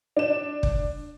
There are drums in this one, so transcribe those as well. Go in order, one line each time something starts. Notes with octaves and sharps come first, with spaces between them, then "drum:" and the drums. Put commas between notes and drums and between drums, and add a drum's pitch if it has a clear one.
D4 E7
drum: kick